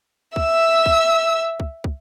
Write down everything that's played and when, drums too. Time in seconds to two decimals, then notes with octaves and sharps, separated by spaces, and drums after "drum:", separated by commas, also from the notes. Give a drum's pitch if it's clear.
0.36 E5 E6, drum: kick
0.86 drum: kick
1.60 drum: kick
1.84 drum: kick